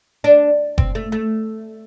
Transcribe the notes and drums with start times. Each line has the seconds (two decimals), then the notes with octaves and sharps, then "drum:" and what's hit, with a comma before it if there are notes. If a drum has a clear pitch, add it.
0.24 D4
0.78 C4, drum: kick F#1
0.95 A3
1.12 A3